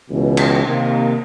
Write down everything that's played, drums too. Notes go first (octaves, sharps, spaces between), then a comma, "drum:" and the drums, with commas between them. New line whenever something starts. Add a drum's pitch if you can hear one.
C#2 B2 E3
drum: cymbal
C3 D#3 A#3